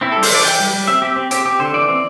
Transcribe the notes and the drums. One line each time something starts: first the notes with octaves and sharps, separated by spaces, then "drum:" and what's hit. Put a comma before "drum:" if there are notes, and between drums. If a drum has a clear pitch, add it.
C4 E4
G3 A4
C5, drum: open hi-hat
E3 D5
E3 G5
G3
G3
C4 E5
C4 G4
C4
C4 G4, drum: hi-hat
C4 G4
D3 C5
E3 D5
C4